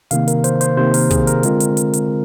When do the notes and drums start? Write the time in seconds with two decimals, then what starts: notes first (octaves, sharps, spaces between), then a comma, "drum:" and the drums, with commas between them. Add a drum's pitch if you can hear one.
0.11 C3 D#3 A#3 F5, drum: hi-hat
0.28 A#4, drum: hi-hat
0.44 C5, drum: hi-hat
0.61 C5, drum: hi-hat
0.77 C3 D#3 A#3 C5
0.94 A#4, drum: open hi-hat
1.11 G#4, drum: kick, hi-hat
1.27 A#4, drum: hi-hat
1.43 D3 G#3 C4 F4, drum: hi-hat
1.60 drum: hi-hat
1.77 drum: hi-hat
1.93 drum: hi-hat